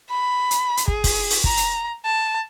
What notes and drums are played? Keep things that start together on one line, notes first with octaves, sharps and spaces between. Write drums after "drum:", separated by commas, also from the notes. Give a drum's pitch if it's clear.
B5
drum: hi-hat
drum: hi-hat
G#4, drum: kick
drum: kick, open hi-hat
drum: open hi-hat
A#5, drum: kick
drum: hi-hat
A5